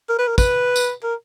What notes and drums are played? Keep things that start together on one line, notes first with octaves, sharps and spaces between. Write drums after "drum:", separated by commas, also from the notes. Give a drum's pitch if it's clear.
A#4
B4
A#4
B4, drum: kick, tambourine
drum: tambourine
A#4